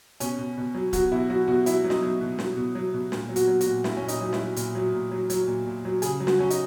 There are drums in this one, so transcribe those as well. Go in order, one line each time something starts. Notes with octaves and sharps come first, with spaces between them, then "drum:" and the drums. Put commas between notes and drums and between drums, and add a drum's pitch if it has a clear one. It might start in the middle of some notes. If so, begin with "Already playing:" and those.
B2 C#4, drum: hi-hat
B2
B2
F#3
F#3 F#4, drum: kick D1, hi-hat
B2 E4
F#3 F#4
B2 F#4
F#3 E4, drum: hi-hat
F#3
D#4, drum: snare
F#3
B2
F#3, drum: snare
B2
F#3
B2
A#2, drum: snare
F#3
F#4, drum: hi-hat
F#3
F#4, drum: hi-hat
A#2
A#2 E4, drum: snare
C#4
A#2
D#4, drum: hi-hat
F#3
E4, drum: snare
F#3
A#2, drum: hi-hat
F#3
A#2
F#3
F#3, drum: hi-hat
A#2
A#2
F#3
C#3 G#4, drum: hi-hat
F#3
F#4, drum: snare
F#3 C#4
D#4, drum: hi-hat